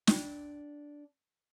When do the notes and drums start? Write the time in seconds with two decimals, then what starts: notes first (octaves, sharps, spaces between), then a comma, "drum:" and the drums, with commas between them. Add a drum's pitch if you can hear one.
0.07 D4 G5, drum: snare